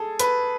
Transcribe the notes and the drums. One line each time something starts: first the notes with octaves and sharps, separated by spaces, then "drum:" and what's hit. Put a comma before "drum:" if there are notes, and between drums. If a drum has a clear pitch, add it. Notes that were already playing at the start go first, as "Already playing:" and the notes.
Already playing: G#4 A4
B4, drum: hi-hat